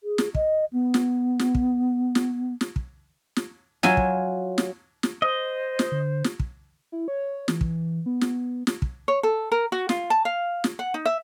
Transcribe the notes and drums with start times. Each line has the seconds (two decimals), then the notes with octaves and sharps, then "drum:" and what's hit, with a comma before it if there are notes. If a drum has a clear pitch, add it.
0.04 G#4
0.18 drum: snare
0.35 D#5, drum: kick
0.73 B3
0.94 drum: snare
1.39 drum: snare
1.55 drum: kick
2.15 drum: snare
2.61 drum: snare
2.76 drum: kick
3.36 drum: snare
3.83 F#3 F4 E5 G#5, drum: snare
3.97 drum: kick
4.58 drum: snare
5.03 drum: snare
5.22 C5 D#5
5.79 drum: snare
5.92 D3
6.24 drum: snare
6.40 drum: kick
6.92 E4
7.08 C#5
7.48 E3, drum: snare
7.61 drum: kick
8.06 B3
8.21 drum: snare
8.67 drum: snare
8.82 drum: kick
9.08 C#5
9.23 A4
9.52 A#4
9.72 F#4
9.89 F4, drum: snare
10.10 A5
10.25 F5
10.64 drum: snare
10.79 F#5
10.94 D#4
11.05 E5